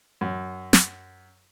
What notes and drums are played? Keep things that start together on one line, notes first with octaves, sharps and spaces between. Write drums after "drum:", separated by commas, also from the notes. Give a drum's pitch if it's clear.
F#2
drum: snare